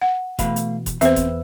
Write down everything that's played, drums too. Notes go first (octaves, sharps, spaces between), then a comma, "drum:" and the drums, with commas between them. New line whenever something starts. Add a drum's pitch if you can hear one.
F#5
B2 E3 A3 F5 B5, drum: kick F1, hi-hat
drum: hi-hat
drum: kick F1, hi-hat
E2 C4 B4 C5 E5 E6, drum: hi-hat
drum: kick F1, hi-hat